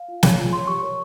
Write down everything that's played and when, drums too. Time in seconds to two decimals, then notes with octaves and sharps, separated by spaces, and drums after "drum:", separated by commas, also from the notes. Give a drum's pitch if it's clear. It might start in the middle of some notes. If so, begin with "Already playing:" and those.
Already playing: F5
0.08 F4
0.23 A#4 C#5, drum: snare
0.37 F4
0.52 A#4 C#5 C6
0.67 G4 C#6
0.82 A#4 C#5